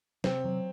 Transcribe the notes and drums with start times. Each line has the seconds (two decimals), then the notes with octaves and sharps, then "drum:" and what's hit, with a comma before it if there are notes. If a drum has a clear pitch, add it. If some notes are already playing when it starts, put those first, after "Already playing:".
0.24 C3 C4, drum: snare
0.44 F#3